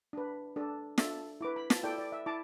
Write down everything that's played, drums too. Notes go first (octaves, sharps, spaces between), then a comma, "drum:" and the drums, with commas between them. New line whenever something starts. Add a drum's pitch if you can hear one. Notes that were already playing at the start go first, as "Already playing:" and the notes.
D4 B4
D4 A4
D4 A4 E5 A5, drum: snare
E4 B4 D6
B5
A5, drum: snare
E4 A4 D5 G5
D5
E5
E4 A5 D6